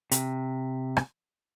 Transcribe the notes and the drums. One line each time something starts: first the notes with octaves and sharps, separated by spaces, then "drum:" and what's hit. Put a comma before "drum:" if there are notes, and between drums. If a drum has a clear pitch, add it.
C3, drum: hi-hat
drum: rim click